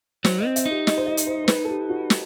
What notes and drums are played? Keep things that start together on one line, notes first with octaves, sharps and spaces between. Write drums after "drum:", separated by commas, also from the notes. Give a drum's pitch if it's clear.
F#3 C5, drum: snare
D#5
C4
E5, drum: hi-hat
D#4
G4
D#5, drum: snare
C5
D#5
drum: hi-hat
C5
C5
B4, drum: snare
A4
G4
F#4
drum: snare